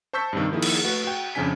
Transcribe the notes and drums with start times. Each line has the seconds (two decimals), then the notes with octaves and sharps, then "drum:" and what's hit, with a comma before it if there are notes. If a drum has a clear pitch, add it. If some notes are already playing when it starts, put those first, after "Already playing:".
0.13 C5 A5 C#6 E6 G6 B6
0.33 G2 C3 D#3
0.51 D#3 F3 A#3 E4 G#4
0.62 drum: cymbal
0.84 A3 F#4 B4
1.04 F#4 G5
1.35 F2 C#3 F3 D4 G#5 B6